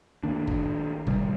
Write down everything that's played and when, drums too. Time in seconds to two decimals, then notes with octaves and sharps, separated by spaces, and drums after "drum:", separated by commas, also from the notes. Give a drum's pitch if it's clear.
0.23 D#3 A#3 D4
0.47 drum: kick
1.07 C3 D#3 G3, drum: kick